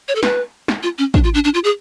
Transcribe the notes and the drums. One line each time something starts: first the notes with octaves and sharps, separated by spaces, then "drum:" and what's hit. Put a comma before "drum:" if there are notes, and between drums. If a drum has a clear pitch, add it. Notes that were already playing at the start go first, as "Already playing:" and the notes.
C#5
A4
B4, drum: snare
drum: snare
F4
C#4
D4, drum: kick
F4
D4
D4
F4
G#4